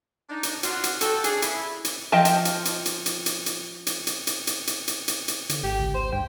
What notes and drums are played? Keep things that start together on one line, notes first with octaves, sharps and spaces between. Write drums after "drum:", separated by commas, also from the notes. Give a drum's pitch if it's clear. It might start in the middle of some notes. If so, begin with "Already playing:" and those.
D4 D#4
drum: hi-hat
C#4 D4 F4 F#4, drum: hi-hat
drum: hi-hat
F#4 G4 A4, drum: hi-hat
D4 G#4, drum: hi-hat
E4, drum: hi-hat
drum: hi-hat
F3 D#5 G5 A5
drum: hi-hat
drum: hi-hat
drum: hi-hat
drum: hi-hat
drum: hi-hat
drum: hi-hat
drum: hi-hat
drum: hi-hat
drum: hi-hat
drum: hi-hat
drum: hi-hat
drum: hi-hat
drum: hi-hat
drum: hi-hat
drum: hi-hat
D3, drum: hi-hat
G#1 G4
C#2
C5
G2 G5